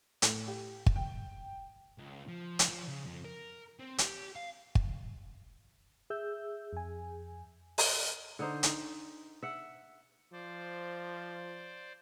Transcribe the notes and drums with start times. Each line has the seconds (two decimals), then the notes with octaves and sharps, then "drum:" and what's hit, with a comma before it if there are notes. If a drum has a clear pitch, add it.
0.22 A2, drum: hi-hat
0.48 G4
0.86 drum: kick
0.96 G5
1.98 C#2
2.28 F3
2.59 drum: hi-hat
2.68 F3
2.88 C#3
3.06 F2
3.25 A#4
3.79 C4
3.98 G4, drum: hi-hat
4.35 F5
4.75 drum: kick
6.10 G#4 E5 E6 G6
6.73 F2 G#5
7.78 drum: open hi-hat
8.39 D3 D#4 C5
8.63 D#4, drum: hi-hat
9.43 E5 F#5
10.33 F3 C5 D5